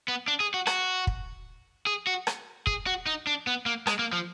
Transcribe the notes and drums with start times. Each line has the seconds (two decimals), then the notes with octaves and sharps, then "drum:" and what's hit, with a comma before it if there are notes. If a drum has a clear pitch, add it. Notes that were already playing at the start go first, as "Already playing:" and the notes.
0.08 B3
0.28 D4
0.40 G#4
0.54 F#4
0.67 F#4, drum: rim click
1.07 drum: kick
1.87 G#4
2.07 F#4
2.27 drum: rim click
2.67 G#4, drum: kick
2.87 F#4
3.06 D#4
3.27 D4
3.47 B3
3.66 A#3
3.87 G#3, drum: rim click
3.99 A#3
4.13 F3